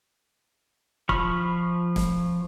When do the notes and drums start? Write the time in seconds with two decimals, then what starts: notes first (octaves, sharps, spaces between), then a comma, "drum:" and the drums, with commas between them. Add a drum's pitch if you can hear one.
1.09 F3 B5 C#6 F6, drum: kick
1.96 drum: snare